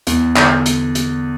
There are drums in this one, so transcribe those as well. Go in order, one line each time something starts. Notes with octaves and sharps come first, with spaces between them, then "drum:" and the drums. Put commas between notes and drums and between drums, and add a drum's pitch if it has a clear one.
E2, drum: hi-hat
D3, drum: clap
drum: hi-hat
drum: hi-hat